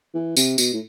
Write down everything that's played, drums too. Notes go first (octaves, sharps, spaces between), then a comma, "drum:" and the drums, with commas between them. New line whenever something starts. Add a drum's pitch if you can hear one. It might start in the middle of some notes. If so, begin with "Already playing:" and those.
E3
C3, drum: tambourine
B2, drum: tambourine
A2